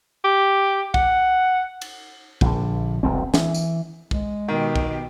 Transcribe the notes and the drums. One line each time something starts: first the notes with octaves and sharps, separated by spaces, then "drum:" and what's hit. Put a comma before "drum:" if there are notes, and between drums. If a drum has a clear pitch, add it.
G4
F#5, drum: kick
drum: cymbal
A#1 D3, drum: kick
E1 C2 C4
E3, drum: snare
drum: tambourine
G#3, drum: kick
B2 D#3 G4
drum: kick